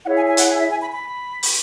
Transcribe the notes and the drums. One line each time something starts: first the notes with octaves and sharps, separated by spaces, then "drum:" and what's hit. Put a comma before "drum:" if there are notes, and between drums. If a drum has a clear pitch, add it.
E4 G#4 C#5 F#5
G#5
G#5
F#5, drum: hi-hat
G#5
E5
G#5
B5
B5
drum: open hi-hat